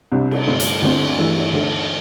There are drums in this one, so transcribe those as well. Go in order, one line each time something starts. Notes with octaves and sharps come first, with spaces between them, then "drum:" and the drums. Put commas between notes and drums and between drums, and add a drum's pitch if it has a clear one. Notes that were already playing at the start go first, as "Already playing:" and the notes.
C2 C3 G3 D4
drum: cymbal
G2 D3 A3 C4
drum: hi-hat
D2 D3 C4 E4
G2 E3 A3 E4
drum: cymbal
D2 D3 A3